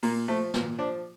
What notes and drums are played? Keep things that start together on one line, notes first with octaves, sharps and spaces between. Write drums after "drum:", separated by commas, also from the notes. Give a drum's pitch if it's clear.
A#2 A#3, drum: open hi-hat
F3 A3
A#2, drum: snare
F3 D4